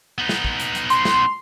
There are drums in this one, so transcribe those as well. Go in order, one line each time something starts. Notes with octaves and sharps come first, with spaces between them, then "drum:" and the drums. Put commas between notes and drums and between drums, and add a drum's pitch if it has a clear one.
B3 D#4
drum: snare
drum: kick
drum: hi-hat
drum: hi-hat
C6, drum: hi-hat
drum: snare